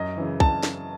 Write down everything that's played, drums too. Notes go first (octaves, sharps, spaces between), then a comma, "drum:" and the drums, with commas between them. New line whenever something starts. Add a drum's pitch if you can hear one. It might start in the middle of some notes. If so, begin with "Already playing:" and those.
Already playing: F#2 D#5
C#3 E3
A5, drum: kick
drum: snare